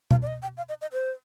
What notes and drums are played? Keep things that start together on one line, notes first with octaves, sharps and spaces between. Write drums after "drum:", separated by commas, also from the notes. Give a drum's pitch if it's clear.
F5, drum: tom B2
D5
D#5
G5
F5
D#5
D#5
C5